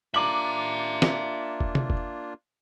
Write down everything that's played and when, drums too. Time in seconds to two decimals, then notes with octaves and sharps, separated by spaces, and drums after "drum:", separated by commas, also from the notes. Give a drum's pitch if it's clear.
0.14 A#3 D4 F4 E5 A#5 D6 F#7
1.02 drum: snare
1.60 drum: kick
1.75 drum: tom
1.90 drum: kick